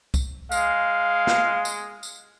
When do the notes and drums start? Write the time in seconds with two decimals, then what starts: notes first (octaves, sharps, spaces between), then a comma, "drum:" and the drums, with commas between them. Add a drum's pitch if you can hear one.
0.14 drum: kick C2, tambourine
0.52 G#3 F5, drum: tambourine
1.27 drum: snare
1.65 drum: tambourine
2.03 drum: tambourine